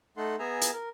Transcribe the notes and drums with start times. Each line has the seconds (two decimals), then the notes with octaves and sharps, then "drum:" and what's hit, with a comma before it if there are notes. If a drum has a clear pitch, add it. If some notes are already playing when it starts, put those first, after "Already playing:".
0.17 A3 D#4 A4 F#5 C6
0.39 B3 G#4 E5 G#5 A#5
0.62 drum: hi-hat
0.73 A#4